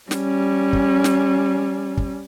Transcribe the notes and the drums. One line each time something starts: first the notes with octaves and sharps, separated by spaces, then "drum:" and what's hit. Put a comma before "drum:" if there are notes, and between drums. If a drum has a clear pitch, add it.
G3 C#4, drum: snare
drum: kick
drum: snare
drum: kick